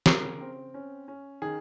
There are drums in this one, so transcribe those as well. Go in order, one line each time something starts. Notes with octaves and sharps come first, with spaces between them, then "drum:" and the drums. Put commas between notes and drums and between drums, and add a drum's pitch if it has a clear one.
C#3 A#4, drum: snare
C4
C#4
C#4
D#3 G#4